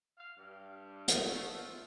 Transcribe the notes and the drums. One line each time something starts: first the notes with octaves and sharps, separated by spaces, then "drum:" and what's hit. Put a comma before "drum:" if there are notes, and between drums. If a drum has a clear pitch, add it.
F5
G2
D#3, drum: hi-hat
A3
F4